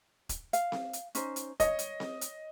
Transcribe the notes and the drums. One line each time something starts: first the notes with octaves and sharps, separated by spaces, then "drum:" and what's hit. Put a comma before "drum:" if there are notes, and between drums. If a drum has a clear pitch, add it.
drum: kick, hi-hat
F5, drum: hi-hat
drum: snare C4
drum: hi-hat
C#4 D#4 C5, drum: hi-hat
drum: hi-hat
C#5 D#5, drum: kick, hi-hat
drum: hi-hat
drum: snare C4
drum: hi-hat